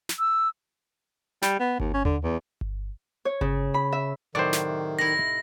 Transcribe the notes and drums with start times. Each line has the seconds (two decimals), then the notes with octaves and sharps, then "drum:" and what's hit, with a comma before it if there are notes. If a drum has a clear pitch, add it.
0.09 drum: snare
0.19 E6
1.42 G3, drum: snare
1.60 B3
1.80 D#2, drum: kick G1
1.94 C#4
2.05 D3, drum: tom D#2
2.23 E2
2.61 drum: kick G1
3.25 C#5
3.41 C#3, drum: kick G1
3.74 B5
3.92 E5
4.35 A2 C3 D#3 F#3 C5 D5
4.53 drum: snare
4.99 D#4 E4 A#6